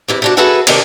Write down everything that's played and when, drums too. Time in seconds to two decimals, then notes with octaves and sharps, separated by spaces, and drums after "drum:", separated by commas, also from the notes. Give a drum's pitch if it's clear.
0.08 E2 C3 E4
0.22 C3 D4 F#4
0.37 F#4 G#4 A4 B4 E5 F#5
0.67 C3 D#3 A3 D4 D#4, drum: cymbal